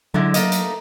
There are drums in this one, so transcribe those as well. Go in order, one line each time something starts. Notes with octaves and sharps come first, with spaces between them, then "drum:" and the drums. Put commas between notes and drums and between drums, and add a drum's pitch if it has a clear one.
D3 F#3 G#3 E4
A3 A#3 D#5, drum: hi-hat
drum: hi-hat